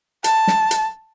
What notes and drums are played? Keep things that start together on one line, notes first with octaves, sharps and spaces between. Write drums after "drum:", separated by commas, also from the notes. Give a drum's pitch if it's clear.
A5, drum: hi-hat
drum: snare
drum: hi-hat